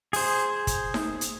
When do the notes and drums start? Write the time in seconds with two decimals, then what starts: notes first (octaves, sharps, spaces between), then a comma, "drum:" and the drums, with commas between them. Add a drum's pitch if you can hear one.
0.13 G#4 C5, drum: open hi-hat
0.67 drum: kick, hi-hat
0.94 drum: snare D#4
1.21 drum: hi-hat